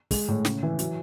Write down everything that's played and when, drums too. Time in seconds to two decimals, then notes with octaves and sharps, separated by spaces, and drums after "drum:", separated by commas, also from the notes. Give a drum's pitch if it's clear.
0.11 G#3, drum: kick, open hi-hat
0.28 A2
0.45 C#3, drum: snare
0.63 E3
0.79 F#3, drum: hi-hat